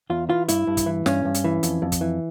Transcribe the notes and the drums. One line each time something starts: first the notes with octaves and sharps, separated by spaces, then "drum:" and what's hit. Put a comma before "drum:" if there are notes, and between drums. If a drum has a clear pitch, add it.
E2 F4
E3 F4
G2 E4, drum: hi-hat
G2
drum: kick, hi-hat
E3
G2 C#4, drum: snare
G2
drum: hi-hat
E3
F2, drum: hi-hat
F2
drum: kick, hi-hat
E3